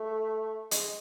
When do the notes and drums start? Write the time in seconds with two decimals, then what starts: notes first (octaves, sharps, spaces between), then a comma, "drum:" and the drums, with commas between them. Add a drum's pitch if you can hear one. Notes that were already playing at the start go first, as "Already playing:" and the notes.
Already playing: A3
0.71 G#3, drum: hi-hat